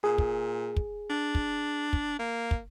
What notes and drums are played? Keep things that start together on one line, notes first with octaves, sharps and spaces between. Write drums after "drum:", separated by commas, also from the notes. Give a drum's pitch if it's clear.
A#2 G#4
drum: kick
drum: kick
D4
drum: kick
drum: kick
A#3
drum: kick